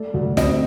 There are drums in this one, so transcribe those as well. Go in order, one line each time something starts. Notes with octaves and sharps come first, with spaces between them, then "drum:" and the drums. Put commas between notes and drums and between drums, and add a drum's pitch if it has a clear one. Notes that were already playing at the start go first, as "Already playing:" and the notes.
Already playing: A3 D5
D2
C4 D#5, drum: snare